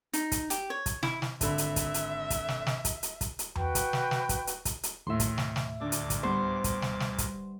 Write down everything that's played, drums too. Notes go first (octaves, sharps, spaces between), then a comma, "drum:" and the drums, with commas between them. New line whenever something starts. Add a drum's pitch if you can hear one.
D#4, drum: hi-hat
drum: kick, hi-hat
G4, drum: hi-hat
C#5
drum: kick, hi-hat
E4, drum: snare
drum: snare
G#1 D3 E5 B5, drum: kick, hi-hat
drum: hi-hat
drum: kick, hi-hat
drum: hi-hat
drum: kick, hi-hat
drum: snare
drum: snare
drum: kick, hi-hat
drum: hi-hat
drum: kick, hi-hat
drum: hi-hat
F#4 B4 G5, drum: tom E2
drum: kick, hi-hat
drum: snare
drum: snare
drum: kick, hi-hat
drum: hi-hat
drum: kick, hi-hat
drum: hi-hat
D#2 A2 D#3 E5 C6
drum: kick, hi-hat
drum: snare
drum: snare
D2 A#2 D3 D4 D6
drum: hi-hat
drum: kick, hi-hat
G3 B3 C5 C#6
drum: kick, hi-hat
drum: snare
drum: snare
drum: kick, hi-hat